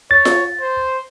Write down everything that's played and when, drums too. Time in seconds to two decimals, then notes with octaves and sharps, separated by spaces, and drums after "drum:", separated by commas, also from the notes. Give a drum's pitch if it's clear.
0.11 C#5 A6
0.25 drum: snare F4
0.61 C5